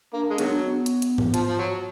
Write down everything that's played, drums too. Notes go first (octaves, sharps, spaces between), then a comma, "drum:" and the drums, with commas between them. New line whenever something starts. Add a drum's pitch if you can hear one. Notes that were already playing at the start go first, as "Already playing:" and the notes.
A#3 D4
G#3
D#3 F#3 B3, drum: hi-hat
D4
B3
drum: hi-hat
drum: hi-hat
drum: tom G#2
F3, drum: hi-hat
F3
F#3